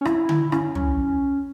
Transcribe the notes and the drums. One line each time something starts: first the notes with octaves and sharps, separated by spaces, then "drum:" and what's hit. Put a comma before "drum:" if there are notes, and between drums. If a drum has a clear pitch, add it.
C#4
E4, drum: rim click
drum: tom D3
C#4, drum: rim click
C#4, drum: tom